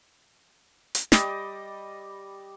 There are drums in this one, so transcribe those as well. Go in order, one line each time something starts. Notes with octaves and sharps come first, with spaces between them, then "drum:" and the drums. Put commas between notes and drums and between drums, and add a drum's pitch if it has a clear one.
drum: hi-hat
G3 D#5 D6, drum: snare